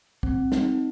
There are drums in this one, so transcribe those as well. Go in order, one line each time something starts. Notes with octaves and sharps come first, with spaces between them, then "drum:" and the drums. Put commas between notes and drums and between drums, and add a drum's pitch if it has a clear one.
C4, drum: kick
D#4, drum: snare